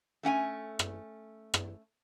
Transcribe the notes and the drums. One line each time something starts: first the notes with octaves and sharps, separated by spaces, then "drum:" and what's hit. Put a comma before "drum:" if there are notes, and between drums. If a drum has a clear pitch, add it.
A3 C#4 F#5 G#5
drum: rim click
drum: rim click